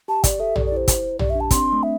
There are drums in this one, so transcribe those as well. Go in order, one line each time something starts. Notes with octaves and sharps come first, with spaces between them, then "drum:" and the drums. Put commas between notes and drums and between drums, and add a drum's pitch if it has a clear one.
G4 A5
G4 D5, drum: kick, hi-hat
A4 E5
G4 D5, drum: tom A#1
D5
E4 C5
drum: kick, hi-hat
G4 D5, drum: tom A#1
E5
D4
A5
C4 C6, drum: kick, hi-hat
D4
C4
A3
E5